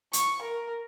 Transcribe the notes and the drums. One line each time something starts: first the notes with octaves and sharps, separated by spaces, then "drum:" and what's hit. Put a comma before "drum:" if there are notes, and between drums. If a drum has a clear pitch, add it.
C#6, drum: hi-hat
A#4